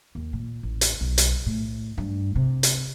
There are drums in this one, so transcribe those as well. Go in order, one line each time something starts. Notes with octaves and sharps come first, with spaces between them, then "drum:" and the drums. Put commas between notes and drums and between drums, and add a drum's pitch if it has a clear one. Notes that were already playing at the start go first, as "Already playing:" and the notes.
D#2
A#2
A1
drum: hi-hat
B1
drum: hi-hat
A2
G2
C3
drum: hi-hat